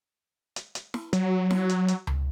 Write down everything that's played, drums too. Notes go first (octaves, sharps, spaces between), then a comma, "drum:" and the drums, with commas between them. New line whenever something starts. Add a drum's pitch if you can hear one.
drum: hi-hat
drum: hi-hat
drum: snare
F#3, drum: hi-hat
drum: snare
drum: hi-hat
drum: hi-hat
drum: tom C#2